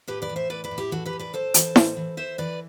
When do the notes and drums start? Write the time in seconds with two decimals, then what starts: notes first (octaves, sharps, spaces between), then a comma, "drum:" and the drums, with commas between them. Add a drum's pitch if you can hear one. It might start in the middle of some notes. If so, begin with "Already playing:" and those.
0.08 A2 G4 B4
0.22 B4 D5
0.29 E3
0.36 C5 E5
0.50 A2 B4 D5
0.64 B4 D5
0.71 A2
0.78 E4 G4
0.91 E3 F#4 A4
1.05 G4 B4
1.13 A2
1.19 B4 D5
1.33 A2 A4 C5
1.54 E3, drum: hi-hat
1.76 A2, drum: snare E4
1.97 E3
2.17 E3 C5 E5
2.38 E3 B4 D5